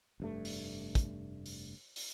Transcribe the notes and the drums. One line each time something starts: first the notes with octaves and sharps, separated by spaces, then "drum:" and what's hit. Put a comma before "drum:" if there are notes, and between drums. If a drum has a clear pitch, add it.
F1 G2 A3
drum: open hi-hat
drum: kick, hi-hat
drum: open hi-hat
drum: open hi-hat